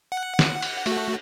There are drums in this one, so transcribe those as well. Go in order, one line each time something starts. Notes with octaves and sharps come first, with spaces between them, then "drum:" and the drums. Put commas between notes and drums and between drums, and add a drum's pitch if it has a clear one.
F#5
drum: snare
drum: cymbal
A3 F#4, drum: cymbal